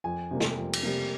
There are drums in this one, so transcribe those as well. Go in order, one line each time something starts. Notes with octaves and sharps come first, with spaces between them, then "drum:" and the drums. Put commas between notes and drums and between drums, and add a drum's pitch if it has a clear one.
F2 G#5
C3 G3 A#3
drum: snare
F2
drum: cymbal
C3 G3 A#3